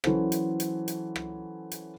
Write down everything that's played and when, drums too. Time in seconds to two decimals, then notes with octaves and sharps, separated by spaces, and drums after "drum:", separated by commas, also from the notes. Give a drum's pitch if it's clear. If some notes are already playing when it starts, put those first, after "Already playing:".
0.04 E3 F#3 C#4 A4 C5, drum: rim click
0.32 drum: hi-hat
0.60 drum: hi-hat
0.88 drum: hi-hat
1.16 drum: rim click
1.72 drum: hi-hat